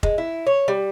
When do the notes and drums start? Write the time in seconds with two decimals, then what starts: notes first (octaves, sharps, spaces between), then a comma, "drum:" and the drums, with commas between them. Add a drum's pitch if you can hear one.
0.03 G#3, drum: kick F1
0.18 E4
0.47 C#5
0.68 G3